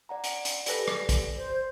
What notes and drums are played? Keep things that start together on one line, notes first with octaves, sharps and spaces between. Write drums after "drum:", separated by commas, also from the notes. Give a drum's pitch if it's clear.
D5 F#5 A#5
drum: hi-hat
drum: hi-hat
G4 A4 B4 D5 G#5 A#6, drum: hi-hat
drum: rim click
drum: kick, hi-hat
C5